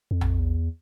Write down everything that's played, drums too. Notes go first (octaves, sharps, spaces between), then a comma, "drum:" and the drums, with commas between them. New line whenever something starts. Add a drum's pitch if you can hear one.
F2
drum: tom A#1
E2